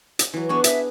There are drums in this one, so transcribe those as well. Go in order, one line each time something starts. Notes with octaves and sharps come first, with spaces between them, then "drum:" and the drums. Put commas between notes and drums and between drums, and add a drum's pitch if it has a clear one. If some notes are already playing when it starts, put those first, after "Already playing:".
drum: hi-hat
E3 F#3
B3 D4 G#4 C#6
E5, drum: hi-hat